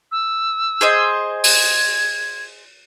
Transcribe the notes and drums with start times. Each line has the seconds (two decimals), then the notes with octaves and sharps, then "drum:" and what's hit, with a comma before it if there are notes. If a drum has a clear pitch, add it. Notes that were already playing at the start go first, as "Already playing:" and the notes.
0.12 E6
0.81 G#4 C5 D#5
1.44 G#6, drum: open hi-hat